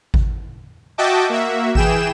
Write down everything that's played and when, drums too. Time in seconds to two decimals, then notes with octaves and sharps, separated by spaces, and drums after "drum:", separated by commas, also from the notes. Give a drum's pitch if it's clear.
0.14 drum: kick G#1
0.98 F#4 D#5 E5 G5 A5 D6
1.29 A#3 F#4 E5
1.75 E3 G#4 G5 E7, drum: kick G#1